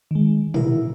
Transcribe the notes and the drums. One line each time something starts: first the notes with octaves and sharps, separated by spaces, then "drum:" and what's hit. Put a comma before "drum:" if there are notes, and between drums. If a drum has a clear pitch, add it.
D#3 G#3
E4 A#4, drum: tom